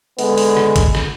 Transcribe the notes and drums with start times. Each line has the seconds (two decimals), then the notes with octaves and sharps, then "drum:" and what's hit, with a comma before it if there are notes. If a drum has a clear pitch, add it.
0.19 D3 G#3 B3, drum: open hi-hat
0.38 drum: open hi-hat
0.57 drum: rim click
0.76 drum: kick, hi-hat
0.95 drum: rim click